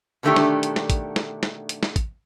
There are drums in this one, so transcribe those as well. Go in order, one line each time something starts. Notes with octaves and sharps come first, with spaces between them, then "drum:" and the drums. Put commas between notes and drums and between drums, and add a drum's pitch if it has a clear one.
B2 D3 D#3 A3 D4 G4
drum: snare
drum: hi-hat
drum: snare
drum: kick, hi-hat
drum: snare
drum: snare
drum: hi-hat
drum: snare
drum: kick, hi-hat